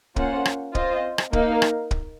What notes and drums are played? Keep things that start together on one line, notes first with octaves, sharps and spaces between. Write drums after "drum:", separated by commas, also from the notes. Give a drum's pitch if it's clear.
A#3 C#4 F4 C5 F#5, drum: kick
drum: rim click
C4 F4 C5 D#5, drum: kick
drum: rim click
A#3 D#4 A#4 F5, drum: kick
drum: rim click
drum: kick